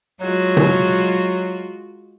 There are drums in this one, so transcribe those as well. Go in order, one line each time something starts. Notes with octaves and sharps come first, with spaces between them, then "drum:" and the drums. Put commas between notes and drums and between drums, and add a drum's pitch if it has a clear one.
F#3 G#3 F4 F#4
drum: tom B2